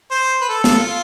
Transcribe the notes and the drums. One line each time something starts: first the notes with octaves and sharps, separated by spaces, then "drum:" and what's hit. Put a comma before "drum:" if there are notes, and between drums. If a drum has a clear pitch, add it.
C5
B4
A4
A4, drum: snare
F4